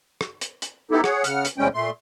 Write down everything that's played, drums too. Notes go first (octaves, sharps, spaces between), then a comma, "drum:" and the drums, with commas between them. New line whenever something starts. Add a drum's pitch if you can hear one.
drum: rim click
drum: hi-hat
drum: hi-hat
B3 D#4 E4 G4 A4
G#4 C#5 F#5, drum: rim click
C#3 F#5 F6, drum: hi-hat
drum: hi-hat
E2 C3 G3 G#3 C#4 G5
A#2 A3 C6